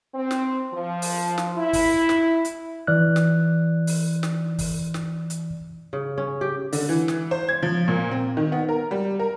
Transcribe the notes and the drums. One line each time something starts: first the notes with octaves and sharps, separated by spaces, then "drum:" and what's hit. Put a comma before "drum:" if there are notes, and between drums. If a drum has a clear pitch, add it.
C4
drum: snare
F3
drum: open hi-hat
drum: snare
E4
drum: kick, open hi-hat
drum: snare
drum: hi-hat
E3 D5 F6 F#6
drum: snare
drum: open hi-hat
drum: snare
drum: kick, open hi-hat
drum: snare
drum: hi-hat
C#3
C#4
G4
D3, drum: open hi-hat
E3
drum: snare
C5
G#6
F3
A#2
C4
D#3
B3
A#4
G3
A#4